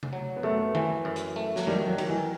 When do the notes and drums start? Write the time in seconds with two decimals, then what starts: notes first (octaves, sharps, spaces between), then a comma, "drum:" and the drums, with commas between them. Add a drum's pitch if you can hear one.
0.03 drum: tom C3
0.13 F#3
0.36 B3
0.43 F#2 A3
0.75 E3, drum: tom D#3
1.05 F#2
1.16 drum: hi-hat
1.36 A3
1.56 F#3, drum: snare
1.67 D#3 G3
1.88 F#3
1.98 D#3, drum: cymbal
2.09 E3